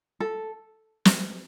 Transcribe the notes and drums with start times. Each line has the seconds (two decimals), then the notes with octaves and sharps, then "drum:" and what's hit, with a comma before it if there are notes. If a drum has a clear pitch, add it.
0.20 A4
1.05 drum: snare